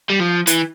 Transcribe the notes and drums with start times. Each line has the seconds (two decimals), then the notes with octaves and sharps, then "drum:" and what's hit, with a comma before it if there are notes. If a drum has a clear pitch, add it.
0.09 G3
0.20 F3
0.47 E3, drum: hi-hat